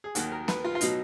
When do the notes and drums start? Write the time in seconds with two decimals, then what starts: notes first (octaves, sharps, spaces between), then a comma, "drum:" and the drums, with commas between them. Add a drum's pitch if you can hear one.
0.04 G#4
0.15 D#2 D#3 F#3 F#4, drum: hi-hat
0.32 A#4
0.48 B4, drum: snare
0.65 F4
0.75 F4
0.81 B2 F#3 D#4, drum: hi-hat